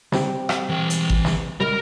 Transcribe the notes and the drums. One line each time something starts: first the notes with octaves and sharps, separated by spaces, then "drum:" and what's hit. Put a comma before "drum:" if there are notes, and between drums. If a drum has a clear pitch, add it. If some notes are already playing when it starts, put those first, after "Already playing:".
G3 C4 G4, drum: snare
drum: rim click
E3 G5
drum: hi-hat
drum: kick G#1
drum: snare
C#2 G3 A#4